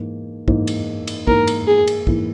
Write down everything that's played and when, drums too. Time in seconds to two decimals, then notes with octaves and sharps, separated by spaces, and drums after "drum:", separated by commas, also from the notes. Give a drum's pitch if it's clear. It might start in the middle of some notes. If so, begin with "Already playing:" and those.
Already playing: G#2 E3 A#3
0.48 G#2 E3 A#3, drum: kick
0.67 drum: cymbal
1.07 drum: cymbal
1.27 G#2 E3 A#3 A#4, drum: kick
1.47 drum: cymbal
1.68 G#4
1.87 drum: cymbal
2.07 G#2 E3 A#3, drum: kick